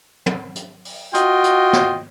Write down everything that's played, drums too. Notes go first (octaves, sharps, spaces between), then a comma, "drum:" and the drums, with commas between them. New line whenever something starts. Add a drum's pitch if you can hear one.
drum: tom
drum: hi-hat
drum: open hi-hat
F4 F#4 D#5 G5, drum: hi-hat
drum: hi-hat
drum: snare